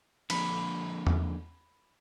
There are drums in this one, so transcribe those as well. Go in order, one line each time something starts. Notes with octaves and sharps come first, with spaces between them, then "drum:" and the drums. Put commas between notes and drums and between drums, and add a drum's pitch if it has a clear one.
D3 F3 A#3 B5, drum: cymbal
drum: tom E2